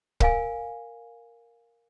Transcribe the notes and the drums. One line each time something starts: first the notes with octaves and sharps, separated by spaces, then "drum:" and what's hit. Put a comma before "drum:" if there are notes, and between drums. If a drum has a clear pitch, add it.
A#4 F5 G#5, drum: kick